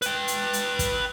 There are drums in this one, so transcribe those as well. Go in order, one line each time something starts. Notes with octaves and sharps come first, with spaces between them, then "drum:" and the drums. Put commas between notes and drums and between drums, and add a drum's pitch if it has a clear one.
B4 G5, drum: hi-hat
drum: hi-hat
drum: hi-hat
drum: kick, hi-hat